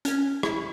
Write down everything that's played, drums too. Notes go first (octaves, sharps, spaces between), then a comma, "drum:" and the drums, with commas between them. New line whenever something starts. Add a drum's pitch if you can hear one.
C#4, drum: hi-hat
E4, drum: rim click